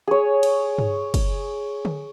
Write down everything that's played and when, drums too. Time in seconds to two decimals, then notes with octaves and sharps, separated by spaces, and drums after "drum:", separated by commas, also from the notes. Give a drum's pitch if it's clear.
0.07 G#4 C#5
0.43 drum: cymbal
0.78 drum: tom G2
1.14 drum: kick, cymbal
1.85 drum: tom D3